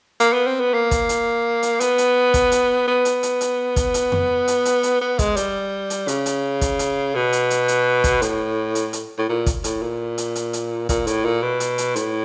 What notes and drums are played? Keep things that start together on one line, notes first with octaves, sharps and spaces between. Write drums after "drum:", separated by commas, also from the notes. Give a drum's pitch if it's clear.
A#3, drum: hi-hat
B3
C4
B3
A#3
drum: kick, hi-hat
drum: hi-hat
drum: hi-hat
B3, drum: hi-hat
drum: hi-hat
drum: kick, hi-hat
drum: hi-hat
B3
drum: hi-hat
drum: hi-hat
drum: hi-hat
drum: kick, hi-hat
drum: hi-hat
drum: tom F2
drum: hi-hat
drum: hi-hat
drum: hi-hat
B3
G#3, drum: kick, hi-hat
G3, drum: hi-hat
drum: hi-hat
C#3, drum: hi-hat
drum: hi-hat
drum: kick, hi-hat
drum: hi-hat
B2
drum: hi-hat
drum: hi-hat
drum: hi-hat
drum: kick, hi-hat
A2, drum: hi-hat
drum: hi-hat
drum: hi-hat
A2
A#2
drum: kick, hi-hat
A2, drum: hi-hat
A#2
drum: hi-hat
drum: hi-hat
drum: hi-hat
A#2, drum: kick, hi-hat
A2, drum: hi-hat
A#2
B2
drum: hi-hat
drum: hi-hat
A2, drum: hi-hat